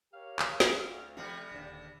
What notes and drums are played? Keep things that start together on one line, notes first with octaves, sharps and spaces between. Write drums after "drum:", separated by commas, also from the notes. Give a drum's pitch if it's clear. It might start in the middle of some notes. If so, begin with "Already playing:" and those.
G4 A#4 C#5 F5
drum: clap
D2, drum: snare
C3 F3 G3 A3 C4 G#4
D#1 D#2 D3 D4